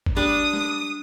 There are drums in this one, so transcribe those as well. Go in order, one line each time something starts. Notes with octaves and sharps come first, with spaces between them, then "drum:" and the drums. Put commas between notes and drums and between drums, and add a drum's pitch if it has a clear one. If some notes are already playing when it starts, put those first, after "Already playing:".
drum: kick
G3 D4 D#6
drum: snare